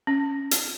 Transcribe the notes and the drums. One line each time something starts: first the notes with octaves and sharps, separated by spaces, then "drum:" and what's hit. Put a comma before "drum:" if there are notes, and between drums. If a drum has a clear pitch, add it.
C#4
drum: hi-hat